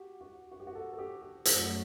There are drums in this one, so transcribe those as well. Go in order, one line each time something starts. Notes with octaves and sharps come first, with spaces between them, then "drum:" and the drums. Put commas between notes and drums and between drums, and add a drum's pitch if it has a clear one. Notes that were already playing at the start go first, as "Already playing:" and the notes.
Already playing: F#4 G4
F#4
F#4
G4
F#4
A4
A4
G4
G4
F#2 F#3 A3 F#4, drum: hi-hat